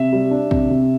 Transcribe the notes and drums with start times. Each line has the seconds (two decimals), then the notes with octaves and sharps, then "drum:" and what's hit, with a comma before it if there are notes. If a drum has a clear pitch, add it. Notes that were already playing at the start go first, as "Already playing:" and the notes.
Already playing: C3 E5
0.13 G3
0.31 D4
0.51 C3, drum: kick
0.70 C3